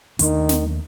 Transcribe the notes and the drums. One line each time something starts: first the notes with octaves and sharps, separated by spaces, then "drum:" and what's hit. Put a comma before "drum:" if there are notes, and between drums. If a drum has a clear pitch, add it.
D#2 D#3 A3 D4, drum: hi-hat
drum: snare